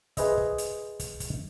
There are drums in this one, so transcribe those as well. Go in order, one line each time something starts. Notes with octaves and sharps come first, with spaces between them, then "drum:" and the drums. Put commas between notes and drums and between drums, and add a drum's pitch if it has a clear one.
G#4 B4 C5 D#5 E5, drum: kick, hi-hat
drum: kick
drum: hi-hat
drum: kick, hi-hat
drum: kick, hi-hat